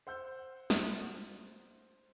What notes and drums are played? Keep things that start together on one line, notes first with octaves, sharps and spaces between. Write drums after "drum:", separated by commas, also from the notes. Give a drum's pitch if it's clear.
C5 F#5 E6 G6
drum: snare